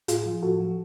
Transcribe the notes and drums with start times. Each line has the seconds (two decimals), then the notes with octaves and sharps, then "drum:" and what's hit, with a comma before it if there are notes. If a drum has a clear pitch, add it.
0.08 A2 F4 G#4, drum: hi-hat
0.26 F3
0.43 A2 F#4 A4
0.60 F3